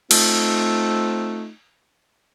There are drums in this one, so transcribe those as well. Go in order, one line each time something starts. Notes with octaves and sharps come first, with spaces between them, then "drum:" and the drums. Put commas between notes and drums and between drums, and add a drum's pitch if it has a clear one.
A3 C4 D#4 F4, drum: cymbal